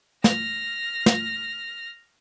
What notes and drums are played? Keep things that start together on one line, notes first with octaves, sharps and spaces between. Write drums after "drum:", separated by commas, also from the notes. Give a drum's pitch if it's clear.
F6 A#6, drum: snare
drum: snare